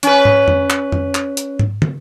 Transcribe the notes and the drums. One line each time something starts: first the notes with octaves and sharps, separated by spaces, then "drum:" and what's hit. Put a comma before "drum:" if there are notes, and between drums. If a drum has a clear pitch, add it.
C#4 B4, drum: hi-hat
drum: tom
drum: tom F2
drum: clap
drum: tom F2
drum: clap
drum: hi-hat
drum: tom
drum: tom